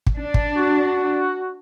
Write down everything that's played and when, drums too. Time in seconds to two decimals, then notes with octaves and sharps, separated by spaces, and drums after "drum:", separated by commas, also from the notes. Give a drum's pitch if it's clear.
0.07 drum: kick
0.18 D4
0.34 drum: kick
0.56 F#4